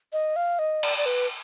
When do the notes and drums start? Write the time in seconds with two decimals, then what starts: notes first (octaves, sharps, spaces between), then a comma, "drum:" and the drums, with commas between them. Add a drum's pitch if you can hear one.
0.13 D#5
0.36 F5
0.59 D#5
0.83 D5, drum: cymbal
0.97 D5
1.06 B4